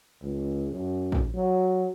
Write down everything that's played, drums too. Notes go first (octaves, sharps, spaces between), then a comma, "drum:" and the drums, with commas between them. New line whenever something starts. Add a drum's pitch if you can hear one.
C#2
F#2
drum: kick A#1
F#3